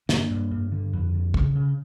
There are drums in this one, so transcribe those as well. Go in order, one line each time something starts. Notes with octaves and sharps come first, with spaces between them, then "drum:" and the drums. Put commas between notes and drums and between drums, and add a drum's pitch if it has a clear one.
G2 A#3 D4, drum: snare
G2
G2
D3
F2
D3
C#3, drum: kick
C#3